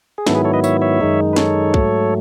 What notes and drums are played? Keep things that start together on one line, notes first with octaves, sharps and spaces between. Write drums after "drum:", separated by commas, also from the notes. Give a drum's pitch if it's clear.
G#4
G#2 D#3 F#3 B3 E4 A4, drum: snare
G#4 B4
A4 C#5
B4 D#5
C#5 E5, drum: tambourine
C#5 E5
F#2 D#3 G#3 D#4
B4
A4 C#5, drum: snare
G#2 F#3 A3, drum: kick